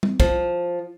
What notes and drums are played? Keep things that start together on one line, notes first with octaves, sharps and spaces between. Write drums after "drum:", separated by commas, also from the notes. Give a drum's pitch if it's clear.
drum: tom G3
F3, drum: kick